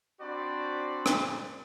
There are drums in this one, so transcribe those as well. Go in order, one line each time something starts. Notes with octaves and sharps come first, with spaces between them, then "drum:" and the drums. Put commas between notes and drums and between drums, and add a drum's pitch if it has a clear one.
C4 D4 F#4 C5 D5 B5
drum: rim click